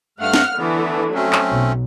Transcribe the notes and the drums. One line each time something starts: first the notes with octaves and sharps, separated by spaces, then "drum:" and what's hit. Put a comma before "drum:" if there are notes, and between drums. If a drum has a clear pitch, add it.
G2 A3 F5 F#5 F6
drum: snare
D3 E3 A3 B3
F#3 A3 C4 C#4
drum: clap
B1